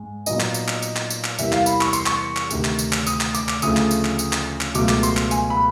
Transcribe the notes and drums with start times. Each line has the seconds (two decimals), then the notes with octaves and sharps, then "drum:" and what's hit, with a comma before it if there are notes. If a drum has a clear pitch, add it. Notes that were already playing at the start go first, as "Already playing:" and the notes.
Already playing: G#2 G#3
0.26 A#2 F#3 B3 D#4 D#5, drum: tambourine
0.40 drum: clap
0.54 drum: tambourine
0.68 drum: clap
0.82 drum: tambourine
0.96 drum: clap
1.10 drum: tambourine
1.24 drum: clap
1.39 E2 C3 E3 G3 A#3 E5, drum: tambourine
1.53 F5, drum: clap
1.66 B5, drum: tambourine
1.81 C#6, drum: clap
1.93 C6, drum: tambourine
2.06 C#6, drum: clap
2.37 drum: clap
2.50 D2 C3 D#3, drum: tambourine
2.65 drum: clap
2.79 drum: tambourine
2.93 drum: clap
3.07 D#6, drum: tambourine
3.21 drum: clap
3.35 D6, drum: tambourine
3.49 drum: clap
3.62 D2 C#3 F3 A3 D#6, drum: tambourine
3.77 drum: clap
3.91 drum: tambourine
4.05 drum: clap
4.19 drum: tambourine
4.33 drum: clap
4.61 drum: clap
4.75 C#2 B2 F#3 A3 D6, drum: tambourine
4.89 drum: clap
5.03 C6, drum: tambourine
5.17 drum: clap
5.31 G#5, drum: tambourine
5.50 B5